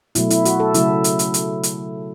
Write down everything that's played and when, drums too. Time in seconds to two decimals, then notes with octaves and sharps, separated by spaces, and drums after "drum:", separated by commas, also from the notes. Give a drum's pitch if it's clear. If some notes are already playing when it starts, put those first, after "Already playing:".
0.15 B2 F#3 A3 E4, drum: hi-hat
0.30 E4, drum: hi-hat
0.45 F#4, drum: hi-hat
0.60 A4
0.74 C#3 F#3 A3 E4, drum: hi-hat
1.04 drum: hi-hat
1.19 drum: hi-hat
1.34 drum: hi-hat
1.63 drum: hi-hat